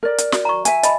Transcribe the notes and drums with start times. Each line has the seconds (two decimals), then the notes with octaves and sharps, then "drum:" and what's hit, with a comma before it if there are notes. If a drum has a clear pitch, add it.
0.03 A#4 D5
0.18 drum: hi-hat
0.32 F#4, drum: snare
0.45 A#5 C#6
0.65 E5 G#5, drum: hi-hat
0.83 D#5 A5 B5, drum: hi-hat